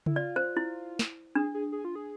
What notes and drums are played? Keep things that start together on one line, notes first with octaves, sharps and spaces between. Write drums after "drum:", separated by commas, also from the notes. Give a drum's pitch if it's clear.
E4, drum: tom C#3
F4 D5
C5
E4
drum: snare
D4 G#4
G#4
G#4
F4
G#4